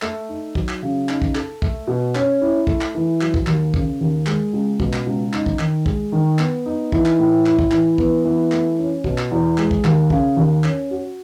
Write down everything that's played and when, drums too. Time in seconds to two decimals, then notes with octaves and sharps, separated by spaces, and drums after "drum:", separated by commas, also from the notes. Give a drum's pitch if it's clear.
0.02 A3, drum: clap
0.29 D#4
0.55 F#3, drum: kick
0.69 drum: clap
0.82 C#3
1.09 D#4, drum: clap
1.22 drum: kick
1.35 A4, drum: clap
1.62 A3, drum: kick
1.87 B2
2.15 C#4, drum: clap
2.41 E4
2.67 A3, drum: kick
2.81 drum: clap
2.95 E3
3.21 F#3, drum: clap
3.34 drum: kick
3.47 D#2, drum: clap
3.74 C#3, drum: kick
4.01 D#2
4.26 G#3, drum: clap
4.53 C#2
4.80 B2, drum: kick
4.93 drum: clap
5.06 C#2
5.33 D#4, drum: clap
5.46 drum: kick
5.59 D#3, drum: clap
5.86 G#3, drum: kick
6.12 D#3
6.39 B3, drum: clap
6.66 D#4
6.92 E3, drum: kick
7.06 drum: clap
7.19 A2
7.46 E4, drum: clap
7.59 drum: kick
7.71 E3, drum: clap
7.98 B3, drum: kick
8.24 E3
8.52 A3, drum: clap
8.79 C#4
9.04 B2, drum: kick
9.18 drum: clap
9.31 E2
9.58 G#3, drum: clap
9.71 drum: kick
9.84 D#2, drum: clap
10.10 C#3, drum: kick
10.37 D#2
10.64 C#4, drum: clap
10.91 F#4